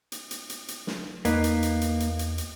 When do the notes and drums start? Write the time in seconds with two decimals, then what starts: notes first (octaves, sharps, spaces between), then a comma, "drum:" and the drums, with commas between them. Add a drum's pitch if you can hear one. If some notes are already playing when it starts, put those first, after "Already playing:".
0.12 drum: hi-hat
0.31 drum: hi-hat
0.50 drum: hi-hat
0.68 drum: hi-hat
0.87 drum: snare
1.25 E2 A#3 D#4 B4, drum: hi-hat
1.44 drum: hi-hat
1.63 drum: hi-hat
1.81 drum: hi-hat
2.00 drum: hi-hat
2.19 drum: hi-hat
2.38 drum: hi-hat